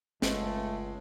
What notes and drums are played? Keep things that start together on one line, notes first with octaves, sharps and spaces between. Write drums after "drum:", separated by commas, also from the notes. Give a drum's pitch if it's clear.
G1 C#2 G#3 A3, drum: snare